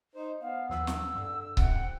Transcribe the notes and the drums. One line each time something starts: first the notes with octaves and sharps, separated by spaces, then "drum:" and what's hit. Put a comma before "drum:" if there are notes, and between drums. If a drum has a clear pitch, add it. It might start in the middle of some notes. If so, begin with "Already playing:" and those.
D#4 C5
B3 F5
D#2 F3 B4 E6
drum: snare
G2 D3
G1 C2 C3 F#5 G5, drum: kick C#1